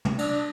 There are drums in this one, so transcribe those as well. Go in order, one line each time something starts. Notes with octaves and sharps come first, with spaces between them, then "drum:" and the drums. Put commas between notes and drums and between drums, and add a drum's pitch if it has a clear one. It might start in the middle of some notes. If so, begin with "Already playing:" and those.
drum: tom
D4, drum: cymbal